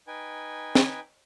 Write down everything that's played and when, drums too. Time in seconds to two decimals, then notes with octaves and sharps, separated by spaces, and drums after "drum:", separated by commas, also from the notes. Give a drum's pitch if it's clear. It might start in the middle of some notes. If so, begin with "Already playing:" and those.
0.07 D#4 B4 G5 G#5
0.75 drum: snare